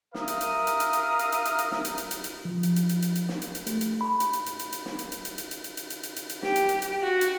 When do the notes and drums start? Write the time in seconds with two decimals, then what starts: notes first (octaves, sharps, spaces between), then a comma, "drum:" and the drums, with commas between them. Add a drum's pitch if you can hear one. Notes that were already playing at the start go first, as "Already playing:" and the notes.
0.15 A#4 E5 F5 A#5 D#6, drum: snare
0.28 drum: hi-hat
0.41 drum: hi-hat
0.67 drum: hi-hat
0.80 drum: hi-hat
0.93 drum: hi-hat
1.19 drum: hi-hat
1.32 drum: hi-hat
1.45 drum: hi-hat
1.58 drum: hi-hat
1.72 drum: snare
1.85 drum: hi-hat
1.98 drum: hi-hat
2.11 drum: hi-hat
2.24 drum: hi-hat
2.45 F3
2.63 drum: hi-hat
2.76 drum: hi-hat
2.89 drum: hi-hat
3.02 drum: hi-hat
3.15 drum: hi-hat
3.29 drum: snare
3.42 drum: hi-hat
3.55 drum: hi-hat
3.67 A3, drum: hi-hat
3.81 drum: hi-hat
4.01 B5
4.20 drum: hi-hat
4.33 drum: hi-hat
4.46 drum: hi-hat
4.59 drum: hi-hat
4.72 drum: hi-hat
4.86 drum: snare
4.99 drum: hi-hat
5.12 drum: hi-hat
5.25 drum: hi-hat
5.38 drum: hi-hat
5.51 drum: hi-hat
5.64 drum: hi-hat
5.77 drum: hi-hat
5.90 drum: hi-hat
6.03 drum: hi-hat
6.16 drum: hi-hat
6.29 drum: hi-hat
6.42 G4, drum: snare
6.56 drum: hi-hat
6.69 drum: hi-hat
6.82 drum: hi-hat
7.03 F#4
7.21 drum: hi-hat